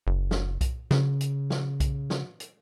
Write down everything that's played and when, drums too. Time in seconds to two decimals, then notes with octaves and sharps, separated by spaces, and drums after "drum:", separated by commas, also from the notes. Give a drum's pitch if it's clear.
0.07 F#1
0.31 drum: snare
0.61 drum: kick B1, hi-hat
0.91 C#3, drum: snare
1.21 drum: hi-hat
1.50 drum: snare
1.80 drum: kick B1, hi-hat
2.10 drum: snare
2.40 drum: hi-hat